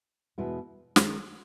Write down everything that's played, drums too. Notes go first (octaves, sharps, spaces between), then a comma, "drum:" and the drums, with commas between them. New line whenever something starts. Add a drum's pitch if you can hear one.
E2 B2 G#3 B3 E4
D#3 G#3 C#4, drum: snare